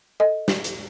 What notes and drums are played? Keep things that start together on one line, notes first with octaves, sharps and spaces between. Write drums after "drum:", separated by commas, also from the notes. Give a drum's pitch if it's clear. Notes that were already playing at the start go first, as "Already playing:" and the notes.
A4 D#5
drum: snare
drum: hi-hat